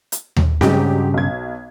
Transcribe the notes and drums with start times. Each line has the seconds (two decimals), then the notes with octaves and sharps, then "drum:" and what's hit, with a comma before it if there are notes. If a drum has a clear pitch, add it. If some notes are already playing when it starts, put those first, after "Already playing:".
0.12 drum: hi-hat
0.36 drum: tom D#2
0.61 G2 C#3 F#3 G#3 G4, drum: snare C4
1.14 B1 G#6